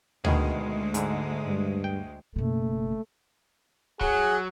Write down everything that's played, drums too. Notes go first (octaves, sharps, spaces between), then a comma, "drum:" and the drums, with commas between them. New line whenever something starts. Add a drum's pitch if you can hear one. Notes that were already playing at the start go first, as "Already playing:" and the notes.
D2 B2 D#3 G#3 G#4, drum: tom D2
G#2 D3, drum: hi-hat
G2
G5
F#1 B2 A3
F#3 G#4 F#5, drum: kick